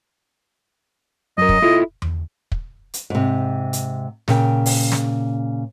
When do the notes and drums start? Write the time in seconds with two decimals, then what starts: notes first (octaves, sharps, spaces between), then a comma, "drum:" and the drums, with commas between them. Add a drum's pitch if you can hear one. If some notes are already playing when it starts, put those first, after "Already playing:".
1.38 F#2 A#4 D#5
1.49 drum: kick
1.62 E4 F4 A4
2.02 drum: tom E2
2.52 drum: kick
2.94 drum: hi-hat
3.10 G#2 C3
3.73 drum: hi-hat
4.28 A#2 C#3 G5, drum: snare
4.66 drum: open hi-hat
4.92 drum: snare